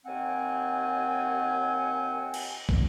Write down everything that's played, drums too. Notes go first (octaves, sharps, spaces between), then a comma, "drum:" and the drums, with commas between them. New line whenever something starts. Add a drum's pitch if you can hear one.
D#2 C4 F#5 G#5
drum: cymbal
drum: kick